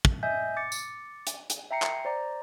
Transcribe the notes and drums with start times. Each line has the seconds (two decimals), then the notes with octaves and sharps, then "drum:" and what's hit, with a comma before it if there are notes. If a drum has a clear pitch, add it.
0.05 drum: kick
0.23 D#5 E5 G#5 G6
0.57 D6 A6 C#7
0.72 drum: tambourine
1.27 drum: hi-hat
1.50 drum: hi-hat
1.71 E5 G5 A#5 C7 C#7
1.82 drum: clap
2.05 C5 D5 A#5